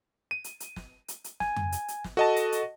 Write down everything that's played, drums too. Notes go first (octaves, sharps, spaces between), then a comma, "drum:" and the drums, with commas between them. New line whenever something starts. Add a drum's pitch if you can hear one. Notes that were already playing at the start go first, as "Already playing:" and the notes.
D#7
drum: hi-hat
drum: hi-hat
drum: snare
drum: hi-hat
drum: hi-hat
G#5, drum: snare
drum: tom F2
drum: hi-hat
drum: hi-hat
drum: snare
F#4 A4 D#5 A5
drum: hi-hat
drum: hi-hat